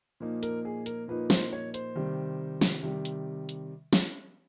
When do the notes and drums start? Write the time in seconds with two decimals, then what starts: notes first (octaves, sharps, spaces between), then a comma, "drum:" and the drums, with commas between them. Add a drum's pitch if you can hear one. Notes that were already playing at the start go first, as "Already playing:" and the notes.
0.20 A#2 F3 A#3 D#4
0.43 A#4, drum: hi-hat
0.65 G#4
0.86 A#4, drum: hi-hat
1.08 A#2 F3 A#3 D#4 B4
1.30 C5, drum: snare
1.53 C#5
1.74 C5, drum: hi-hat
1.96 C3 D#3 G3
2.61 drum: snare
2.83 C3 D#3 G3
3.05 drum: hi-hat
3.49 drum: hi-hat
3.93 drum: snare